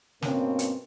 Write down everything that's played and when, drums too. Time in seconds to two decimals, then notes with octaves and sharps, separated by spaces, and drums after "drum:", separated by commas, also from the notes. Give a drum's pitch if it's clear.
0.22 G2 B2 A#3 C4 C#4 B4, drum: snare
0.59 drum: hi-hat